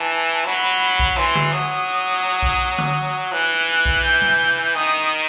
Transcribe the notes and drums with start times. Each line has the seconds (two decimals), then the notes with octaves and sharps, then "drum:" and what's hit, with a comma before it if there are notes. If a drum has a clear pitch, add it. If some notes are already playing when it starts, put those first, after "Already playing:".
Already playing: E3 A5
0.45 F#3 B5
1.00 drum: kick A#1
1.17 E3 C6
1.35 drum: tom
1.53 F#3 D#6
2.43 drum: kick A#1
2.78 drum: tom
3.32 E3 F#6
3.68 F#6
3.86 drum: kick A#1
4.03 G6
4.21 drum: tom
4.75 D#3 D#6